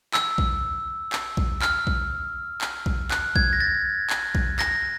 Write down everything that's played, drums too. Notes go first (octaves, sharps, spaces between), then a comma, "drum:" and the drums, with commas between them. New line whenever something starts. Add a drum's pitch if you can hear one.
E6, drum: clap
drum: kick A#1
drum: clap
drum: kick A#1
F6, drum: clap
drum: kick A#1
drum: clap
drum: kick A#1
F#6, drum: clap
G#6, drum: kick A#1
A#6
A6
drum: clap
drum: kick A#1
A#6, drum: clap